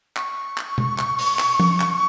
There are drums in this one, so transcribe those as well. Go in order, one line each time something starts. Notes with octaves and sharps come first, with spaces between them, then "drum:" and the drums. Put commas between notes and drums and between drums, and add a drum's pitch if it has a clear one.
C#6, drum: clap
drum: clap
drum: tom B2
drum: clap
drum: open hi-hat
drum: clap
drum: tom F3
drum: clap